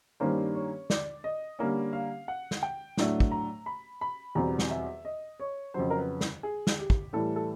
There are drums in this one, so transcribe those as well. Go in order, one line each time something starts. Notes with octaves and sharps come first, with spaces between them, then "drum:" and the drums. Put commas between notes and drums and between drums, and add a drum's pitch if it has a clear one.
G2 D#3 G3 A#3 C#4 C5
C#5
D5, drum: snare
D#5
D3 G3 A#3 C#4
F5
F#5
drum: snare
G5
A2 F#3 A3 D4, drum: snare
drum: kick
A#5
B5
B5
E2 B2 G3 C4 A#5
drum: snare
E5
D#5
C#5
F2 C#3 F#3 C5
A#4
B4
drum: snare
G#4
drum: snare
G4
drum: kick
A2 E3 G3 A4
A4